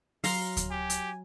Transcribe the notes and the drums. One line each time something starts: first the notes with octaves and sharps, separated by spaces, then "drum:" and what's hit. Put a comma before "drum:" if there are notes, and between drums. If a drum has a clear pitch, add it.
F#3 F5 A#5 C6, drum: open hi-hat
drum: kick D2, hi-hat
G4 G#5
drum: hi-hat